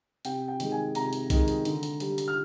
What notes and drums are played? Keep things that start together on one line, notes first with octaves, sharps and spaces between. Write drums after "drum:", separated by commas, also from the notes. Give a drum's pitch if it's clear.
C3 G5, drum: hi-hat
G5
D#3 G#3, drum: hi-hat
G#5
C3 A#5, drum: hi-hat
drum: hi-hat
D#3 G#3, drum: kick B1, hi-hat
drum: hi-hat
D3, drum: hi-hat
drum: hi-hat
G3, drum: hi-hat
drum: hi-hat
F6